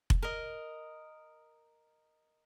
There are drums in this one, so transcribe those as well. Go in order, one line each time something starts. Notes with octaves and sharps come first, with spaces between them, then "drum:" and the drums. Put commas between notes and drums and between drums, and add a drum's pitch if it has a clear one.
drum: kick F1
A#4 D#5